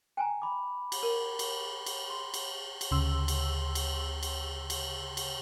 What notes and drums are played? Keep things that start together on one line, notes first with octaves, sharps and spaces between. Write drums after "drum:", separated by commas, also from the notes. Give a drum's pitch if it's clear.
G5 G#5 A#5
B5 D6
drum: cymbal
A#4
drum: cymbal
drum: cymbal
C6
drum: cymbal
drum: cymbal
D2 C#3 C6 E6
drum: cymbal
drum: cymbal
drum: cymbal
drum: cymbal
drum: cymbal